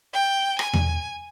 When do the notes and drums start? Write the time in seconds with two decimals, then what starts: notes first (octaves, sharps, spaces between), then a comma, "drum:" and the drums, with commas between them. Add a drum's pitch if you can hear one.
0.14 G5
0.59 G#5, drum: rim click
0.73 drum: tom E2